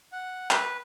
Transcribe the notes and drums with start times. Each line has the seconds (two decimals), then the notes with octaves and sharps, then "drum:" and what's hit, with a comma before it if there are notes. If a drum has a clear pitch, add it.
0.12 F#5
0.50 B4, drum: clap